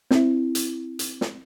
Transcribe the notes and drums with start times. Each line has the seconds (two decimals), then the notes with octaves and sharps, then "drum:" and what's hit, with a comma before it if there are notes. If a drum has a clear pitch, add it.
0.11 C4 E4, drum: snare
0.55 drum: hi-hat
0.99 drum: hi-hat
1.21 drum: snare